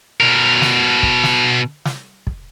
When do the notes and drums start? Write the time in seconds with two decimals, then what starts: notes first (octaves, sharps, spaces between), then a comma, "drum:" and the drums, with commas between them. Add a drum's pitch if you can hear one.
0.20 B2 A#4
0.62 drum: snare
1.03 drum: kick
1.24 drum: snare
1.85 drum: snare
2.27 drum: kick